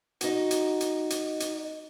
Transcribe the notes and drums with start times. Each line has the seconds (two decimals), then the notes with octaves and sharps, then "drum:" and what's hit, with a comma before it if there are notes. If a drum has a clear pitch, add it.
0.21 D#4 F#4, drum: hi-hat
0.51 drum: hi-hat
0.80 drum: hi-hat
1.10 drum: hi-hat
1.40 drum: hi-hat